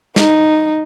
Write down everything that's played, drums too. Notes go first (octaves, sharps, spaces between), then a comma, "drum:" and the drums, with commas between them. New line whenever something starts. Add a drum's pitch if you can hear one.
D#4, drum: snare